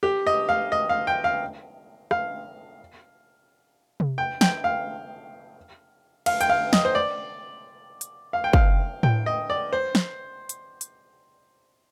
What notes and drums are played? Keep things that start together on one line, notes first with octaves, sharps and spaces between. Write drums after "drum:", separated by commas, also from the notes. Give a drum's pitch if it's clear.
G4
D#5
F5
D#5
F5
G5
F5
F5, drum: rim click
drum: tom C3
G5
G5, drum: snare
F5
F5, drum: cymbal
G5, drum: hi-hat
F5
D#5, drum: snare
C5
D5
drum: hi-hat
F5
G5
F5, drum: kick
G5, drum: tom A2
D#5
D5
C5
drum: snare
drum: hi-hat
drum: hi-hat